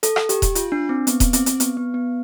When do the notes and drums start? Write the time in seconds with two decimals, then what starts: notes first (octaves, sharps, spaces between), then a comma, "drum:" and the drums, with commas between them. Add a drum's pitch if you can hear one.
0.03 A4, drum: hi-hat
0.16 drum: rim click
0.29 G4, drum: hi-hat
0.42 drum: kick D#1, hi-hat
0.55 F4, drum: hi-hat
0.72 D4
0.89 C4
1.07 B3, drum: hi-hat
1.20 drum: kick D#1, hi-hat
1.33 C4, drum: hi-hat
1.46 drum: hi-hat
1.60 B3, drum: hi-hat
1.77 B3
1.94 B3